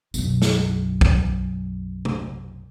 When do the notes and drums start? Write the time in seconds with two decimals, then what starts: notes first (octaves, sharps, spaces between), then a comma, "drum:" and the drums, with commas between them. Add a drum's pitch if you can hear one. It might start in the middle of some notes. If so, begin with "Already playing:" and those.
0.14 B1 F#2, drum: tambourine
0.42 drum: snare
1.01 drum: kick
2.05 drum: tom